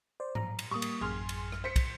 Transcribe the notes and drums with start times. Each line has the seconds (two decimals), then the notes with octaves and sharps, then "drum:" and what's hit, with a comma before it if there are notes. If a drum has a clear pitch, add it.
0.20 C5 D5
0.35 A#5, drum: tom G#2
0.59 drum: cymbal
0.71 G3 A#3 C#6 D#6
0.82 drum: cymbal
1.01 A1 F#2 G#4 C6 F6
1.29 drum: cymbal
1.52 drum: rim click
1.64 C5 B6 C#7
1.76 drum: kick, cymbal